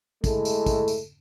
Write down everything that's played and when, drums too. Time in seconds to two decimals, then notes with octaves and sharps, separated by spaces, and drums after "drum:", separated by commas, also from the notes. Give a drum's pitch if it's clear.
0.24 G#3 A3 E4 A4, drum: kick, tambourine
0.45 drum: tambourine
0.66 drum: kick, tambourine
0.88 drum: tambourine